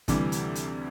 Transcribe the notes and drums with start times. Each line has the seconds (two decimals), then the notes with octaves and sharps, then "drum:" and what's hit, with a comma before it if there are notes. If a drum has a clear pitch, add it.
0.08 D2 C3 E3 G3, drum: kick, hi-hat
0.32 drum: hi-hat
0.55 drum: hi-hat